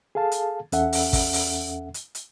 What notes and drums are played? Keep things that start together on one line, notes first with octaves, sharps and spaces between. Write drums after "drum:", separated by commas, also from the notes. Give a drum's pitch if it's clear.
G#4 A4 F5 A5
drum: hi-hat
E2 C#4 A4 E5 F#5, drum: hi-hat
drum: open hi-hat
drum: kick, open hi-hat
drum: open hi-hat
drum: hi-hat
drum: hi-hat